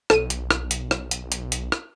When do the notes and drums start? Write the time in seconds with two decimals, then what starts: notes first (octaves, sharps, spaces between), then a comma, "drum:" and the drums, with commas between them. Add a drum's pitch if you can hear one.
0.10 B1 A4 D#7, drum: rim click
0.30 drum: hi-hat
0.51 drum: rim click
0.71 drum: hi-hat
0.91 drum: rim click
1.11 drum: hi-hat
1.32 drum: hi-hat
1.52 drum: hi-hat
1.72 drum: rim click